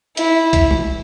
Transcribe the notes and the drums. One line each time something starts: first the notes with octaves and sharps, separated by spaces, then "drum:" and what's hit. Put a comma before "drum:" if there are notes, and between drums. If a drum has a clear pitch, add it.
E4, drum: hi-hat
drum: kick, hi-hat
drum: tom